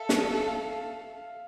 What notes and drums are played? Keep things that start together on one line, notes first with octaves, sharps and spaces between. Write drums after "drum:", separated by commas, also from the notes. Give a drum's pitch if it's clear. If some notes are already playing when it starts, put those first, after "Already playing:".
Already playing: A4 E5 F5
drum: snare
F5